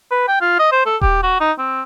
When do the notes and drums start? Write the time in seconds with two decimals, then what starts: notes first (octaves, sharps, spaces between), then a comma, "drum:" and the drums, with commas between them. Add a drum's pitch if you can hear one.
0.11 B4
0.28 G5
0.41 F4
0.59 D#5
0.72 C5
0.86 A4
1.01 G4, drum: kick D#1
1.23 F#4
1.40 D#4
1.58 C4